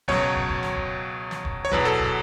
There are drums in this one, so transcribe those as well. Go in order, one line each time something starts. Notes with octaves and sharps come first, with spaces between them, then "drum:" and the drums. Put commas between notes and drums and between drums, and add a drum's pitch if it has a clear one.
C#2 B2 F#3 C#5, drum: kick
drum: kick
drum: kick
drum: snare
drum: kick
drum: snare
drum: kick
C#5
E2 B2 F#3 B4, drum: kick
A4
drum: kick